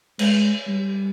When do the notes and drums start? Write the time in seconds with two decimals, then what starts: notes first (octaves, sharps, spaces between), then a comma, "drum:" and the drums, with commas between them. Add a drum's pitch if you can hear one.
0.19 G#3, drum: cymbal
0.67 G3